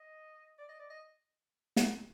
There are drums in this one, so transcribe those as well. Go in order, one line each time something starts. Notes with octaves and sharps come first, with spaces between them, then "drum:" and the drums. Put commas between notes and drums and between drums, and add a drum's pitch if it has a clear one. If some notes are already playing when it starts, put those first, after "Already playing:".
Already playing: D#5
D5
D#5
D5
D#5
drum: snare